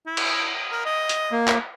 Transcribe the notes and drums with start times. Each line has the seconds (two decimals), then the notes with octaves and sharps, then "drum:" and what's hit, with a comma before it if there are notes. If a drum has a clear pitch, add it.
0.06 E4
0.17 drum: cymbal
0.72 A#4
0.85 D#5
1.09 drum: hi-hat
1.32 A#3
1.47 drum: clap